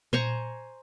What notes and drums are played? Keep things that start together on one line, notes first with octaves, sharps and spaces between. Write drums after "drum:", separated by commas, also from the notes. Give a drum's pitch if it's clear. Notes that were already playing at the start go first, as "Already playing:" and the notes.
C5 G#5 A#5 C#6, drum: tom A#2